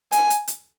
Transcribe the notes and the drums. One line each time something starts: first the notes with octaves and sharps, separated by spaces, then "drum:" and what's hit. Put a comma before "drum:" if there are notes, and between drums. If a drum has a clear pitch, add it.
G#5, drum: hi-hat
drum: hi-hat
drum: hi-hat